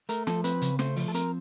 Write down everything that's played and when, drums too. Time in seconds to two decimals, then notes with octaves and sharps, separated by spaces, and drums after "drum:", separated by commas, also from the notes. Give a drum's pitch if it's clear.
0.09 A3 A#4, drum: hi-hat
0.27 F3 A4, drum: snare
0.44 C4 B4, drum: hi-hat
0.62 C#3, drum: hi-hat
0.79 A3 C5, drum: snare
0.96 F3, drum: open hi-hat
1.08 A4
1.14 C4 A#4, drum: hi-hat